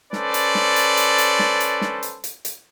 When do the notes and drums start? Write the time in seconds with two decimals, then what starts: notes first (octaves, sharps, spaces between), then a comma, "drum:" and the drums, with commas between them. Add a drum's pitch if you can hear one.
0.13 C#4 A4 B4 C5 D5, drum: snare
0.34 drum: hi-hat
0.55 drum: snare
0.76 drum: hi-hat
0.97 drum: hi-hat
1.18 drum: hi-hat
1.39 drum: snare
1.60 drum: hi-hat
1.81 drum: snare
2.03 drum: hi-hat
2.24 drum: hi-hat
2.45 drum: hi-hat